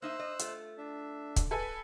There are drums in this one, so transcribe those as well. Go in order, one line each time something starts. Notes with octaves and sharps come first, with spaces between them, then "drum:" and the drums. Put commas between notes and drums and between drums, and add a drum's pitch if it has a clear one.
A#3 D#4 C5 E5 E6 F#6
D#5
A3 F4, drum: hi-hat
D4 E5
drum: kick, hi-hat
A4 B4 G#5